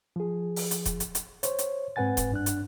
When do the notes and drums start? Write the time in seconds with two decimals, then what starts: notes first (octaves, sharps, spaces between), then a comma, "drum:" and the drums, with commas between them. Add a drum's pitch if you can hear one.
0.16 F3 G#4
0.56 drum: open hi-hat
0.71 drum: hi-hat
0.85 drum: kick D#1, hi-hat
1.00 drum: hi-hat
1.15 drum: hi-hat
1.43 C5 C#5, drum: hi-hat
1.59 drum: hi-hat
1.96 G#2 C4 B4 F#5 G#5 A6
2.17 drum: kick D#1, hi-hat
2.32 G2 D4 F#6
2.46 drum: hi-hat